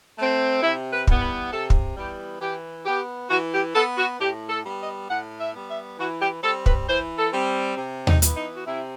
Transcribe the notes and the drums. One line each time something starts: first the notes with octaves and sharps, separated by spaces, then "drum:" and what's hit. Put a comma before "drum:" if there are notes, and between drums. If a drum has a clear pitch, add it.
A3 C4
C3 E4
B4
E3 G3 B3, drum: kick
B4
C3 A4
drum: kick
E3 G3 B3 G4
E3 G4
B3 G4
E3 F#4
G4
B3 A4
F#4
A2 G4
A4
G3 B3
D#5
A2 F#5
E5
G3 B3
E5
E3 F#4
G4
G3 C4 A4
B4, drum: kick
E3 C5
A4
G3 C4
C3
D#4, drum: tom D#2
E3 B3, drum: hi-hat
D#4
F#4
C3 E4